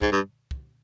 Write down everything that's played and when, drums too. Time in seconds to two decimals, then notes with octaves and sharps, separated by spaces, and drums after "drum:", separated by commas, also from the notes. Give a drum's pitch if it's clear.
0.02 G#2, drum: kick
0.12 G2
0.51 drum: kick